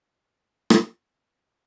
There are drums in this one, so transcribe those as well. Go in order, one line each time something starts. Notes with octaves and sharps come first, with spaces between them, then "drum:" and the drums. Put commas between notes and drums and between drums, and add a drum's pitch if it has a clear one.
D#5 F5 G5 A#5
drum: rim click